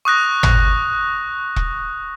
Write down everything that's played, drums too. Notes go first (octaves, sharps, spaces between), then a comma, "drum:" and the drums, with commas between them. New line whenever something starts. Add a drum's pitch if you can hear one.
C#6 D#6 F#6 A#6
drum: tom G#1
drum: kick E1